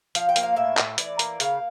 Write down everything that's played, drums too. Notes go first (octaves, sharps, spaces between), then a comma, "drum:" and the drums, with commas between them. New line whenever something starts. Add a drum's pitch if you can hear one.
F3 F5, drum: hi-hat
G5
A#3, drum: hi-hat
F5
A2 E5
A2, drum: clap
E3 D5, drum: hi-hat
A#3, drum: hi-hat
C#3 F5, drum: hi-hat